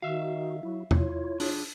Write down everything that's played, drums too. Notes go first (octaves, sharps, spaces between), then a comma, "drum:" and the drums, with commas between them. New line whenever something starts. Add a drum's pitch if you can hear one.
D#3 F#4 E5 F5
F#3 E4
E4 F4 C#5, drum: tom E2
D4 G#4, drum: open hi-hat